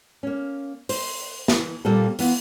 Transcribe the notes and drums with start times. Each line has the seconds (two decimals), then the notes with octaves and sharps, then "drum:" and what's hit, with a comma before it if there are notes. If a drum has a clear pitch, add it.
0.23 A#3 C#4
0.89 C5, drum: open hi-hat
1.48 E3, drum: snare
1.85 A#2 G3 A#3 C4 A4
2.19 E3 B3 F4, drum: open hi-hat